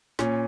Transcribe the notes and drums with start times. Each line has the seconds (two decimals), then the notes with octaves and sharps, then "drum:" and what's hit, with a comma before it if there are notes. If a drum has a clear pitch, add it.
0.19 A#2 C#4, drum: snare